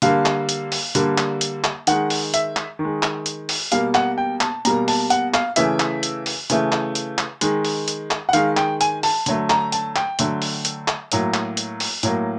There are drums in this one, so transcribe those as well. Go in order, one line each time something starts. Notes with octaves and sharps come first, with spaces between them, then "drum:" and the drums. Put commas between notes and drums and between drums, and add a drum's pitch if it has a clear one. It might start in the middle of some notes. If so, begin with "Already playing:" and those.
D3 G3 A#3 F5, drum: hi-hat
drum: clap
drum: hi-hat
drum: open hi-hat
D3 G3 A#3, drum: hi-hat
drum: clap
drum: hi-hat
drum: clap
D#3 G#3 F#5, drum: hi-hat
drum: open hi-hat
E5, drum: hi-hat
drum: clap
D#3
G#3
drum: clap
drum: hi-hat
drum: open hi-hat
B2 G3 A#3 F5, drum: hi-hat
F#5, drum: clap
G5
A5, drum: clap
B2 G3 A#3 A#5, drum: hi-hat
A5, drum: open hi-hat
F#5, drum: hi-hat
F5, drum: clap
C#3 E3 A3 E5, drum: hi-hat
drum: clap
drum: hi-hat
drum: open hi-hat
C#3 E3 A3, drum: hi-hat
drum: clap
drum: hi-hat
drum: clap
D#3 G#3, drum: hi-hat
drum: open hi-hat
drum: hi-hat
drum: clap
F#5
D#3 G#3 F5, drum: hi-hat
G5, drum: clap
G#5, drum: hi-hat
A5, drum: open hi-hat
D3 F#3 A3, drum: hi-hat
A#5, drum: clap
A5, drum: hi-hat
G5, drum: clap
D3 F#3 A3, drum: hi-hat
drum: open hi-hat
drum: hi-hat
drum: clap
A2 F#3 A#3, drum: hi-hat
drum: clap
drum: hi-hat
drum: open hi-hat
A2 F#3 A#3, drum: hi-hat